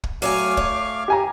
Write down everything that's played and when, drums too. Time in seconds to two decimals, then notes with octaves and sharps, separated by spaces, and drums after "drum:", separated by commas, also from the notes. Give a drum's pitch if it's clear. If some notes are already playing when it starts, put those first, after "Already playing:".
0.04 drum: kick
0.22 F#3 A3 C#5 F5 G#5 D6 F6, drum: open hi-hat
0.57 C#5, drum: kick
1.08 G4 G#5 A#5